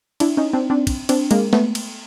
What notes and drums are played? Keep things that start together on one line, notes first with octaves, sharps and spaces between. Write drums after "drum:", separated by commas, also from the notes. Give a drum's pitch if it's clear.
D4 E4, drum: cymbal
C#4 D#4
C4 D4
C4 D4
drum: kick, cymbal
C4 D4, drum: cymbal
G#3 A#3, drum: cymbal
A3 B3, drum: snare
drum: cymbal